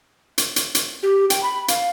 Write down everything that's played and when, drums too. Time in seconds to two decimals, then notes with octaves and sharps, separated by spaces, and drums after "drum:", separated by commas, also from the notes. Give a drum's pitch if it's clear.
0.38 drum: hi-hat
0.56 drum: hi-hat
0.75 drum: hi-hat
1.03 G4
1.30 G5, drum: hi-hat
1.43 B5
1.68 F5, drum: hi-hat